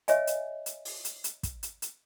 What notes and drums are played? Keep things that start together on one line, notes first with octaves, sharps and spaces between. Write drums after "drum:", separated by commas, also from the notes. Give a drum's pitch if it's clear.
C#5 D#5 E5 G#5, drum: hi-hat
drum: hi-hat
drum: hi-hat
drum: open hi-hat
drum: hi-hat
drum: hi-hat
drum: kick, hi-hat
drum: hi-hat
drum: hi-hat